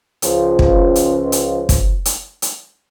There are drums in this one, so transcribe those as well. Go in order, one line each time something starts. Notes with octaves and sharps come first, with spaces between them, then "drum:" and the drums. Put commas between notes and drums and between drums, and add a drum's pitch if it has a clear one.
C#2 F3, drum: hi-hat
drum: kick
drum: hi-hat
drum: hi-hat
drum: kick, hi-hat
drum: hi-hat
drum: hi-hat